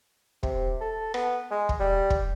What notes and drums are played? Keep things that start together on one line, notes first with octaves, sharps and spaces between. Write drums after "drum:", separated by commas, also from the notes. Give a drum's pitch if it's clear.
C3, drum: kick
A4
B3, drum: rim click
G#3
drum: kick
G3
drum: kick